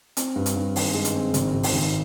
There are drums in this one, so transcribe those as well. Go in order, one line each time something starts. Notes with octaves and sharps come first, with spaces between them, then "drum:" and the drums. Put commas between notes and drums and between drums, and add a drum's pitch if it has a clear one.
C4, drum: hi-hat
G2
drum: hi-hat
G2
D#3, drum: open hi-hat
G#3
drum: hi-hat
C4
G#1, drum: hi-hat
G#1
drum: open hi-hat
G#1